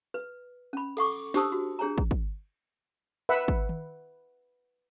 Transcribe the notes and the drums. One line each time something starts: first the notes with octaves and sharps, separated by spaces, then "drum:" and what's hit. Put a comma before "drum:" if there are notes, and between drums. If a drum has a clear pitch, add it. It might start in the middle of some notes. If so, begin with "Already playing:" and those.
B4
C#4 B5
A4 F#5 C#6 D6, drum: cymbal
D4 G4 C5 A5 D#6 E6, drum: snare
F#4, drum: hi-hat
D4 G#4 C#5 G#5 A#5
drum: kick
drum: kick
B4 E5 F#5
drum: kick
drum: tom D#3